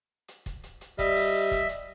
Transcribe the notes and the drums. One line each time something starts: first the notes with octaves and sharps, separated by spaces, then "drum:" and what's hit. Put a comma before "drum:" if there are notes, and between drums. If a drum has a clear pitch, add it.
drum: hi-hat
drum: kick, hi-hat
drum: hi-hat
drum: hi-hat
G3 D#5 E5, drum: kick, hi-hat
drum: open hi-hat
drum: hi-hat
drum: kick, hi-hat
drum: hi-hat